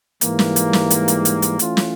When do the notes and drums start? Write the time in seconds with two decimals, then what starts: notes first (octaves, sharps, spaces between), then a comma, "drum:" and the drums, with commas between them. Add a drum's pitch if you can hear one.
0.21 G#2 E3 G3 A#3, drum: hi-hat
0.39 drum: snare
0.56 drum: hi-hat
0.73 drum: snare
0.91 drum: hi-hat
1.08 drum: hi-hat
1.25 drum: hi-hat
1.42 drum: hi-hat
1.59 E3 A3 C#4 F4, drum: hi-hat
1.77 drum: snare